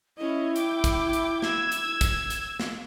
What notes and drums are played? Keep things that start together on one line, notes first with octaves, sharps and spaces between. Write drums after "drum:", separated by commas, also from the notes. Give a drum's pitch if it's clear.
C#4 E4 D#5
G5 D6, drum: hi-hat
drum: kick, hi-hat
drum: hi-hat
E6 G#6, drum: snare
drum: hi-hat
drum: kick, hi-hat
drum: hi-hat
drum: snare